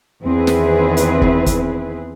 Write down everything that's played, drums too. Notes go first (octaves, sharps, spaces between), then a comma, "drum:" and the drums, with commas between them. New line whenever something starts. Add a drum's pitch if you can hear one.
E2 D#3 C4 E4 G#4 B4
drum: snare
drum: hi-hat
drum: kick
drum: kick, hi-hat